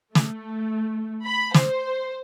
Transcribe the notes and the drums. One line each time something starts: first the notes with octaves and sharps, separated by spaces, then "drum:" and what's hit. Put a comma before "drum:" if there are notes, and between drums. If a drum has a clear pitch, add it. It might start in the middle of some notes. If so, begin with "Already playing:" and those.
A3, drum: snare
B5
C5, drum: snare